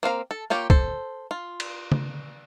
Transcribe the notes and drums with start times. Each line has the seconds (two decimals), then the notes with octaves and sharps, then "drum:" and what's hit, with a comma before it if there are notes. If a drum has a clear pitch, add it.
0.03 A#3 C4 F5 A#5
0.31 A4
0.50 A#3 F4 G4 C#5
0.70 A4 C5, drum: kick
1.31 F4
1.60 drum: cymbal
1.92 drum: tom C#3